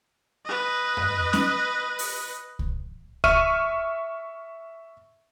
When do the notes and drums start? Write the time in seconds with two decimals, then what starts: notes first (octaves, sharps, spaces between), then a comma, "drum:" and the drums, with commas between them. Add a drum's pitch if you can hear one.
0.45 B4 D#5
0.97 drum: tom F2
1.33 drum: snare C#4
1.99 drum: open hi-hat
2.59 drum: kick C2
3.24 E5 C#6 F6 D#7, drum: kick C2